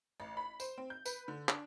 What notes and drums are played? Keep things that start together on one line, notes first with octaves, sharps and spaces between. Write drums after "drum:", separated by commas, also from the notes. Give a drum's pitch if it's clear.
A1
B5
C5, drum: tambourine
C4
G6
B4, drum: tambourine
D3
D4, drum: clap